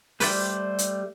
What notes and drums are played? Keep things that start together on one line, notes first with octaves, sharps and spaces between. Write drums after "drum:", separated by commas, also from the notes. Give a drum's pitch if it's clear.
G3 A3 B4 C5 D5 G5, drum: open hi-hat
drum: hi-hat